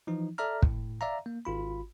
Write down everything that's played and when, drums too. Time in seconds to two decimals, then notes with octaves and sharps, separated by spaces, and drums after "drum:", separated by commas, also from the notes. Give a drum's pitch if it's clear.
0.07 E3 F3 D#4
0.38 A4 D5 E5 A#5 F6
0.62 A2, drum: kick
1.01 D5 E5 F5 A#5
1.26 A#3
1.45 G#1 F4 B5